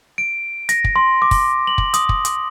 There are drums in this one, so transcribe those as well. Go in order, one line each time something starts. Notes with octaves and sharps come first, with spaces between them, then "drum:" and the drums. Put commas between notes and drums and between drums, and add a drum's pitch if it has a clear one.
D7
A#6, drum: hi-hat
drum: kick
C6
D6
drum: kick, open hi-hat
F#7
drum: kick
D#6, drum: hi-hat
drum: kick
drum: hi-hat